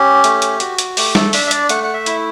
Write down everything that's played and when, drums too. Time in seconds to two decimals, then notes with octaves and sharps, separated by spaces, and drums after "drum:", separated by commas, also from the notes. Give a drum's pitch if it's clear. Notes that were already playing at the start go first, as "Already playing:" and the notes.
Already playing: C#4 G4
0.24 A3, drum: hi-hat
0.42 drum: hi-hat
0.60 F#4, drum: hi-hat
0.78 drum: hi-hat
0.97 A3 G4, drum: open hi-hat
1.15 A4, drum: snare
1.33 D4 E5, drum: open hi-hat
1.47 E5
1.51 D5, drum: hi-hat
1.69 A3 F#5, drum: hi-hat
1.83 F#5
1.94 E5
2.06 E4, drum: hi-hat